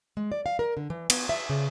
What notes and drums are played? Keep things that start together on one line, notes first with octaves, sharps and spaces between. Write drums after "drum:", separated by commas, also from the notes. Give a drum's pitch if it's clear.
G#3
D5
F5
A#4
D3
E3
B3, drum: cymbal
E5
C#3